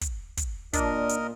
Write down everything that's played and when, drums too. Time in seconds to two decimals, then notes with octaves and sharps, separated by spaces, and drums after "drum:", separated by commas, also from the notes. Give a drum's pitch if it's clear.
0.01 drum: kick, hi-hat
0.37 drum: kick, hi-hat
0.73 A#2 D4 A#4 D#5, drum: kick, hi-hat
1.09 drum: hi-hat